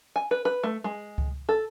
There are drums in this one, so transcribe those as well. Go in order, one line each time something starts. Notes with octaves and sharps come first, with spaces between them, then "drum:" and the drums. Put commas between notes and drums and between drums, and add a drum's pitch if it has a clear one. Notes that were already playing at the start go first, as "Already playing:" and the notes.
G#5
B4
B4
A3
G#3
drum: kick C#2
A4